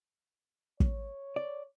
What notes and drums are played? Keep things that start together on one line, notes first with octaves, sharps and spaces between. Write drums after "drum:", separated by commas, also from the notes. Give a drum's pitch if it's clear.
C#5, drum: kick
D5